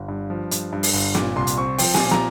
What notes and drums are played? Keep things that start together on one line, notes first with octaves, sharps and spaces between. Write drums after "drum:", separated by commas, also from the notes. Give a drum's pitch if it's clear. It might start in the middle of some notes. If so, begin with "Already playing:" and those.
Already playing: G1
G2
F3
G2, drum: hi-hat
G2
drum: open hi-hat
G1
A#2, drum: snare
C2 C6
drum: hi-hat
C4 C#6
F3 G5, drum: open hi-hat
G#5, drum: snare
A#2
A#5, drum: snare